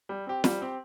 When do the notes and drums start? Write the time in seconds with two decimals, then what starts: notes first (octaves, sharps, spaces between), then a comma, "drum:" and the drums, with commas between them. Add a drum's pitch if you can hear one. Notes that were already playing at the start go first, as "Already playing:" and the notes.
0.09 G3
0.27 C4 G4
0.44 G3, drum: snare
0.61 C4 G4